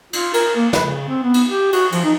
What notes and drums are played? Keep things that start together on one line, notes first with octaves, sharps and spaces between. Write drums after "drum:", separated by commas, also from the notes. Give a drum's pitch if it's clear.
F4, drum: cymbal
A#4, drum: cymbal
A#3
B4, drum: snare
C#3
C4
B3
drum: cymbal
G4
F#4, drum: cymbal
F3, drum: cymbal
D#4